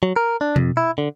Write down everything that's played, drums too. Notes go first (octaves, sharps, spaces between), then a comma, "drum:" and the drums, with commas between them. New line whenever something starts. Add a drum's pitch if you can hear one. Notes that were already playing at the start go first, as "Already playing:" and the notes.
F#3
A#4
D4
F2, drum: tom B2
E4
D3